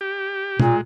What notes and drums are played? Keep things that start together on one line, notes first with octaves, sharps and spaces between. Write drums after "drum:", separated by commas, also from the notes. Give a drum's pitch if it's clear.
G4
A#2 G#3, drum: tom B2